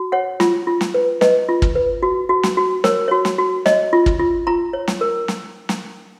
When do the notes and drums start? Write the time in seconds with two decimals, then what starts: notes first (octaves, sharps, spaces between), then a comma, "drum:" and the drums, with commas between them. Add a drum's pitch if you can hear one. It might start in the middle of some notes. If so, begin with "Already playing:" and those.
Already playing: F#4
0.12 C#5 F#5
0.40 F4, drum: snare
0.67 F4
0.81 drum: snare
0.94 B4
1.21 B4 D#5, drum: snare
1.49 F4
1.62 drum: kick
1.75 B4
2.03 F#4
2.29 F#4
2.43 drum: snare
2.57 F#4
2.84 A#4 C#5, drum: snare
3.08 F#4 C#5
3.25 drum: snare
3.38 F#4
3.66 C#5 D#5, drum: snare
3.93 F4
4.06 drum: kick
4.20 F4
4.47 F4 A#5
4.73 C#5
4.88 drum: snare
5.01 A#4
5.28 drum: snare
5.69 drum: snare